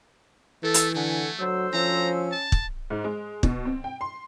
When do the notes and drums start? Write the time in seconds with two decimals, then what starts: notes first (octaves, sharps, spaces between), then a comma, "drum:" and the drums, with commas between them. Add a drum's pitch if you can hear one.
0.63 E3 A3 A4
0.74 drum: hi-hat
0.95 D3 A3 A4 F#5 G#5
1.39 D2 F#3 C5 E6
1.73 F3 C#4 A#5
2.32 A5
2.52 drum: kick
2.90 G#2
3.04 G#3
3.43 B2, drum: kick
3.65 C4
3.84 G5
4.01 C6